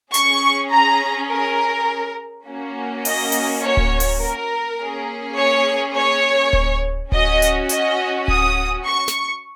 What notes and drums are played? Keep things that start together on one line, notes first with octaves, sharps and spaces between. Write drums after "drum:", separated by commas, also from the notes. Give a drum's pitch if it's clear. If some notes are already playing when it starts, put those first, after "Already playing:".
C#4 G#4 C#6, drum: hi-hat
A#5
A#4
A#3 C#4 F#4
D#5, drum: open hi-hat
drum: open hi-hat
C#5
drum: kick D1
drum: open hi-hat
A#4
A#3 C#4 G#4
C#5
C#5
drum: kick D1
C#4 F#4 D#5, drum: kick D1
drum: hi-hat
D#5, drum: hi-hat
D#6, drum: kick D1
C#6
drum: snare